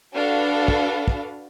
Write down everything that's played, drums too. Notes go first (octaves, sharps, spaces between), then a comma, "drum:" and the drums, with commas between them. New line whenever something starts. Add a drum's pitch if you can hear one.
D4 F#4 A4 B4 F5
drum: kick
drum: kick